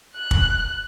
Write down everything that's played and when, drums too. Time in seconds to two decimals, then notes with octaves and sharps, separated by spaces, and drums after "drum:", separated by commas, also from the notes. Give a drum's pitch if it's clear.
0.16 F#6
0.31 drum: kick